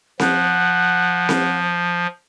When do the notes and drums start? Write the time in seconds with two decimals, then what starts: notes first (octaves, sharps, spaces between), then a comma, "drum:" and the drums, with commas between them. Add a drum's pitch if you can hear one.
0.20 F3 F#5, drum: snare C4
1.29 drum: snare C4